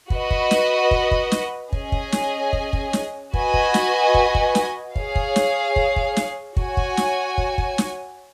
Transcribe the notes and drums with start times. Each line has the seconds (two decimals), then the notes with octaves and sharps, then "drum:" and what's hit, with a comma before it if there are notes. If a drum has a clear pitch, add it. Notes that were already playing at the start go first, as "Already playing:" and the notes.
0.10 F#4 B4 D#5, drum: kick
0.31 drum: kick
0.51 drum: snare
0.91 drum: kick
1.11 drum: kick
1.32 drum: snare
1.73 C#4 G#4 D#5 G#5, drum: kick
1.92 drum: kick
2.12 drum: snare
2.53 drum: kick
2.73 drum: kick
2.93 drum: snare
3.34 F#4 B4 D#5 G#5, drum: kick
3.54 drum: kick
3.74 drum: snare
4.14 drum: kick
4.35 drum: kick
4.55 drum: snare
4.96 G#4 C#5 F5, drum: kick
5.15 drum: kick
5.36 drum: snare
5.76 drum: kick
5.96 drum: kick
6.16 drum: snare
6.57 F#4 C#5 G#5, drum: kick
6.77 drum: kick
6.97 drum: snare
7.38 drum: kick
7.58 drum: kick
7.78 drum: snare